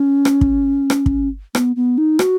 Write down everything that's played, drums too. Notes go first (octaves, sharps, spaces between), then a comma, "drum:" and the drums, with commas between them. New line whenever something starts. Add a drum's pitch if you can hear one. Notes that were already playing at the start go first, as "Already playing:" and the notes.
Already playing: C#4
drum: rim click
drum: kick
drum: rim click
drum: kick
B3, drum: rim click
B3
D#4
F#4, drum: rim click